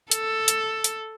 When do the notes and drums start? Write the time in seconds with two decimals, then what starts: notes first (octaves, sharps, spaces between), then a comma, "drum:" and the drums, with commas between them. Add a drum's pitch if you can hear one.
0.11 A4, drum: hi-hat
0.48 drum: hi-hat
0.84 drum: hi-hat